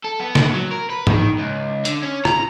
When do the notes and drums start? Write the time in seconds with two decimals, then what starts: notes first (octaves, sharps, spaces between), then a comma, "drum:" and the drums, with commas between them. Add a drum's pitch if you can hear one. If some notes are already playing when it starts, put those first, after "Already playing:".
0.05 A4
0.20 B3
0.35 drum: snare
0.53 F#3
0.71 A#4
0.90 B4
1.07 D#3, drum: tom
1.38 C#2
1.85 D3, drum: hi-hat
2.02 C#4
2.25 A#5, drum: rim click